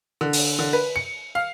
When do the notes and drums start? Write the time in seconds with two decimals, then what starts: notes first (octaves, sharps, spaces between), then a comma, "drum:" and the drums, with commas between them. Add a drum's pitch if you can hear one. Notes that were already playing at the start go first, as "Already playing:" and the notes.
0.21 D3
0.33 drum: open hi-hat
0.59 D3
0.73 B4
0.96 C#7
1.35 F5